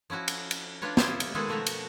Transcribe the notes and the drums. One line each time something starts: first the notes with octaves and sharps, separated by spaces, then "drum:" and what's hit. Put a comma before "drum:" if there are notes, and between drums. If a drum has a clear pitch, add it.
F3 C#4 E4 F#4
drum: cymbal
drum: cymbal
D4 F4 B4 C#5
E4 F4 G4 C5 C#5 D#5, drum: snare
drum: cymbal
D#3 G#3 E4 G#4 A4 B4
B2 F3 A3 F#4 E5 A#5
drum: cymbal